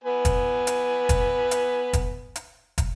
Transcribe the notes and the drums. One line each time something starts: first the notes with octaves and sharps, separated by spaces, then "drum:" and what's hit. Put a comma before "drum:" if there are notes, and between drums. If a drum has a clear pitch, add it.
B3 B4 G#5
drum: kick, hi-hat
drum: hi-hat
drum: kick, hi-hat
drum: hi-hat
drum: kick, hi-hat
drum: hi-hat
drum: kick, hi-hat